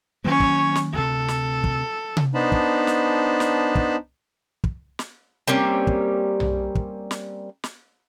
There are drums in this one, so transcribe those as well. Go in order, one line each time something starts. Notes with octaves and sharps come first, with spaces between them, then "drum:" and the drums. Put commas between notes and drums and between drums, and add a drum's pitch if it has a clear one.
D#3 F#3 A#3 C#4 C#5
drum: kick
drum: snare
D2 C3 A4
drum: snare
drum: kick
drum: tom C3
B3 D4 D#4 C5 A5 B5
drum: kick
drum: snare
drum: snare
drum: kick
drum: kick
drum: snare
G3 A#3 C4 C#4
drum: kick
drum: tom B1
drum: kick
drum: snare
drum: snare